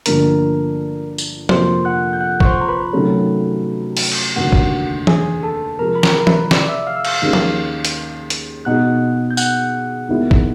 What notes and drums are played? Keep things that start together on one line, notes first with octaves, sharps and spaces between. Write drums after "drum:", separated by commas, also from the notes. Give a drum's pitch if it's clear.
G1 G2 D3 F3 A#3 A#4 A#5, drum: hi-hat
drum: tambourine
F2 C3 F3 A#3 C5 C6, drum: tom F3
F#5 F#6
G6
F#5 F#6
C#6, drum: kick
C5 C6
A#5
B4 B5
C3 D#3 F#3 A3 C#4
drum: open hi-hat
drum: cymbal
F1 D#2 D3 F#4 F#5
drum: kick
G#4 G#5, drum: tom E3
A4 A5
C3 F3 G#3 A#4 A#5
B5
A#4 A#5, drum: snare
A#5
B4 B5, drum: tom E3
D5 D6, drum: snare
E5 E6
F5 F6
E6
F5 F6, drum: cymbal
D#2 D#3 G#3 C#4
drum: tom F3
drum: hi-hat
drum: hi-hat
B2 G#3 B3 D#4 F#5 F#6
G6
F#5 F#6, drum: tambourine
D#2 D#3 G#3 B3 E4
drum: kick